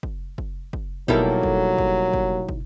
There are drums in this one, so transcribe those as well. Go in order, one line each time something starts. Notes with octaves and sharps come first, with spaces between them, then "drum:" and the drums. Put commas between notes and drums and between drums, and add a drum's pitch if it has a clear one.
drum: kick
drum: kick
drum: kick
B2 F#3 G3 A#3 D#4 E4 A4, drum: kick
drum: kick
drum: kick
drum: kick
drum: kick